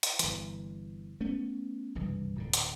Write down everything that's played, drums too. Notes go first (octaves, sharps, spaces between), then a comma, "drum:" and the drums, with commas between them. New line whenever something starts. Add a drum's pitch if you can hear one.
drum: hi-hat
G1 E3, drum: hi-hat
A3 B3 C#4
F#1 C2 G2 E3
D1 A#2 D3
drum: hi-hat